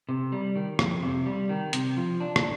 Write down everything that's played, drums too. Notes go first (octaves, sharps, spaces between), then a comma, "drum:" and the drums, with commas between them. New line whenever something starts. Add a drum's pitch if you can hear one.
C3
G3
D#3
F2, drum: rim click
C3
G3
D#3
C3, drum: hi-hat
F3
D4
drum: rim click